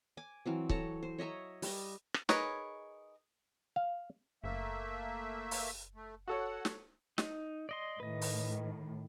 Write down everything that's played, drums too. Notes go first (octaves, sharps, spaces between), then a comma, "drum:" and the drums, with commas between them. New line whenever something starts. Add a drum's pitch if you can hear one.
G#5 D6
E3 F#3 C4
A4 C#5 A5 A#5, drum: kick C#1
C5
C#5 D#5 E5 A#5
G3 D#5, drum: open hi-hat
drum: rim click
D#4 G#4 A#4 B4 C#5, drum: snare
F5
F#1 A3 A#3 E5
drum: open hi-hat
A3
F#4 A4 C#5 F#5
drum: snare
D#4, drum: snare
D5 D#5 C6
A2 D#3 B4 D#5
drum: open hi-hat